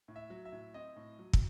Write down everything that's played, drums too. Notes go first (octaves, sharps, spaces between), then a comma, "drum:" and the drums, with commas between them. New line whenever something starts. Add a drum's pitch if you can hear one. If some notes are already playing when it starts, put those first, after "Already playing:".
A2
E5
F#3
E5
A2
C4 D#5
A2
F#3
drum: kick